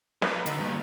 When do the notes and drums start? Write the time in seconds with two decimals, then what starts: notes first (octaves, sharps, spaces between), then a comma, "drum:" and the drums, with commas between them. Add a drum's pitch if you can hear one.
0.22 A#3 C#4 F4 B4, drum: snare
0.34 A#2 F3 F4
0.46 D3 D#4 F#4, drum: hi-hat
0.59 G2 A#2 D#3 F#3